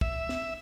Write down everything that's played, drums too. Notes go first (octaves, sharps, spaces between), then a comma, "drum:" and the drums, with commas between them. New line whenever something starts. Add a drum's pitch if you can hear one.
E5, drum: kick
drum: snare